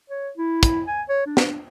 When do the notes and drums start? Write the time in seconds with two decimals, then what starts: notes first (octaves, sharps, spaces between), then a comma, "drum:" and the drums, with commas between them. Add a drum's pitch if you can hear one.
0.10 C#5
0.38 E4
0.63 drum: kick, hi-hat
0.87 G#5
1.09 C#5
1.26 D4
1.37 drum: snare